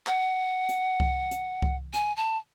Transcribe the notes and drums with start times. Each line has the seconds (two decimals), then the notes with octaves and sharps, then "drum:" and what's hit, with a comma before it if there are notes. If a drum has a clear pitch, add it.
0.07 F#5, drum: clap
0.69 drum: hi-hat
1.00 drum: kick C2
1.31 drum: hi-hat
1.62 drum: kick C2
1.93 G#5, drum: hi-hat
2.17 A5